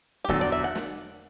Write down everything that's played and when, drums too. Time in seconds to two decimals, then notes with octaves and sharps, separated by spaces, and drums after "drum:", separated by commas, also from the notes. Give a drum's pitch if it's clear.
0.25 G4
0.29 E2 D3 F#3 A4, drum: kick F1
0.41 D5
0.52 E5
0.64 F#5
0.75 drum: snare